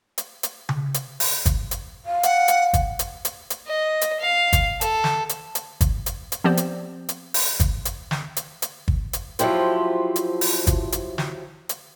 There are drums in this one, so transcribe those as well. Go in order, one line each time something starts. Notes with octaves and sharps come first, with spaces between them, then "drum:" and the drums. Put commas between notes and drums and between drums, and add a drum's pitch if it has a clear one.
drum: hi-hat
drum: hi-hat
drum: tom C#3
drum: hi-hat
drum: open hi-hat
drum: kick, hi-hat
drum: hi-hat
F5
F#5, drum: hi-hat
drum: hi-hat
drum: kick, hi-hat
drum: hi-hat
drum: hi-hat
drum: hi-hat
D#5
drum: hi-hat
F5
drum: kick, hi-hat
A4, drum: hi-hat
drum: snare
drum: hi-hat
drum: hi-hat
drum: kick, hi-hat
drum: hi-hat
drum: hi-hat
F3 B3 C4 G4 C5 D5
drum: hi-hat
drum: hi-hat
drum: open hi-hat
drum: kick, hi-hat
drum: hi-hat
drum: snare
drum: hi-hat
drum: hi-hat
drum: kick
drum: hi-hat
F3 F#3 E4 G4 C5, drum: hi-hat
drum: hi-hat
drum: open hi-hat
drum: kick, hi-hat
drum: hi-hat
drum: snare
drum: hi-hat